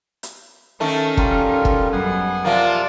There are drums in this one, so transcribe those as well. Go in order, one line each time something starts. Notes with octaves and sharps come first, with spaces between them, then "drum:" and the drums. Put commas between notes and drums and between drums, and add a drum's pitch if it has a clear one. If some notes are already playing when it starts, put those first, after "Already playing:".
drum: hi-hat
D#3 A3 C#4
G3 F4 A#4, drum: kick
drum: kick
F#2 G3 B3 F#5 G#5
C3 F3 A#3 D5